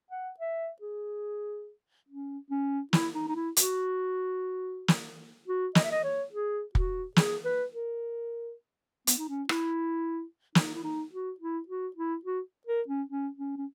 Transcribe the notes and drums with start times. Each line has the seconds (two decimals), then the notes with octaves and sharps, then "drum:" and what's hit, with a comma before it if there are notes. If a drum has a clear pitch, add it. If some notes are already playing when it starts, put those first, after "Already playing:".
0.10 F#5
0.39 E5
0.82 G#4
2.09 C#4
2.50 C#4
2.93 E4, drum: snare
3.15 D#4
3.28 D#4
3.35 E4
3.57 F#4, drum: hi-hat
4.88 drum: snare
5.48 F#4
5.75 D#5, drum: snare
5.84 E5
5.91 D#5
6.03 C#5
6.33 G#4
6.75 F#4, drum: kick
7.16 G#4, drum: snare
7.45 B4
7.73 A#4
9.07 B3, drum: hi-hat
9.18 D#4
9.29 C#4
9.49 E4, drum: rim click
10.55 D#4, drum: snare
10.75 E4
10.84 D#4
11.12 F#4
11.40 E4
11.68 F#4
11.96 E4
12.25 F#4
12.66 A#4
12.88 C#4
13.09 C#4
13.38 C#4
13.57 C#4